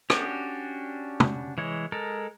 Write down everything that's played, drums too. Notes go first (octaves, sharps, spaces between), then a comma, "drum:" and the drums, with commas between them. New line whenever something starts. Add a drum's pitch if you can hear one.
C#4 D4 F#4 G4, drum: rim click
drum: tom
E3 G#3 C#5
G#3 A4 A#4